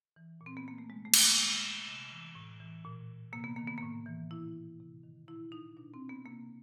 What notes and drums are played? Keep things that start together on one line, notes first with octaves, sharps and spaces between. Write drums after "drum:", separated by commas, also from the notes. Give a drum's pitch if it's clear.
E3
A#2
C4
B3
A#3
A3
C3 G#3
A3
D#3, drum: cymbal
A#3
A#2 G#3
C3
E3
A2
E3
A#2
C3 A#3
B3
D#3 A#3
B3
A2 A#3
E3
A#2 E4
C3
D#3
A#2 E4
D#4
B2 D4
C4
B3
C3 A#3